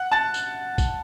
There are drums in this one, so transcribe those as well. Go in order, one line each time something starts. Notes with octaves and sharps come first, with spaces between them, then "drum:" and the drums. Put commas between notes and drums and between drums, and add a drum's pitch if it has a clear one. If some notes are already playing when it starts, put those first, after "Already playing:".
Already playing: F#5 F#6
A5 A6
drum: tambourine
drum: kick, tambourine